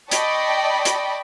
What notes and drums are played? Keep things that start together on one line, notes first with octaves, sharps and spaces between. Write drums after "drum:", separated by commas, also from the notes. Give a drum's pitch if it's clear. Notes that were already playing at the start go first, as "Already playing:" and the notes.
D5 D#5 G5 A5 B5 C#6, drum: hi-hat
drum: hi-hat